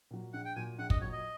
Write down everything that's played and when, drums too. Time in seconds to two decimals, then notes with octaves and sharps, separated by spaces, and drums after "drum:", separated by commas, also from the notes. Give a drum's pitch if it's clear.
0.11 A#2 F#3
0.33 A#1 F#5
0.45 G5
0.56 A#2 F#3 G#5
0.78 A#1 F#5
0.90 D#5, drum: kick
1.01 A#2 F#3 C#5
1.12 D#5